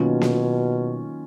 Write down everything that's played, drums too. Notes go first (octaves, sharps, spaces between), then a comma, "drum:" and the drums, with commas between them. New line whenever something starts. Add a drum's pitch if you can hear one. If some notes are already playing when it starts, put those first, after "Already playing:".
Already playing: B2 D#3 F#3 A#3 C#4 F4
drum: snare A#3